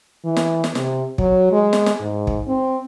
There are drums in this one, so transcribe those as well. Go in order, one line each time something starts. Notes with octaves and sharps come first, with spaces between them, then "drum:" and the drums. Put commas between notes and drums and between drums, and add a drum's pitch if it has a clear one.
E3
drum: snare
drum: snare
C3, drum: snare
F#3, drum: kick
G#3
drum: snare
drum: snare
G#2
drum: kick
C4